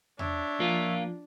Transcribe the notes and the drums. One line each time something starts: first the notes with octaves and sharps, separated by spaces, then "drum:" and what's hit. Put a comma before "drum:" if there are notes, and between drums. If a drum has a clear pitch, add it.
D4 C#5 E5, drum: tom E2
F3 A#3 F4